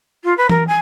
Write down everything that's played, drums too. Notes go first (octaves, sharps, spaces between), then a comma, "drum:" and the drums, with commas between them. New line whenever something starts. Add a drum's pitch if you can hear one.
F4
B4
A#4, drum: tom E3
G#5